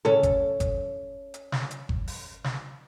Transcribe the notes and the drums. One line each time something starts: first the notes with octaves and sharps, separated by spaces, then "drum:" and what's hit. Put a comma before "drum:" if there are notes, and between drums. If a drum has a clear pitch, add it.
C#4 A4, drum: tom C#3
drum: kick G1, hi-hat
drum: kick G1, hi-hat
drum: hi-hat
drum: snare
drum: hi-hat
drum: kick G1
drum: open hi-hat
drum: snare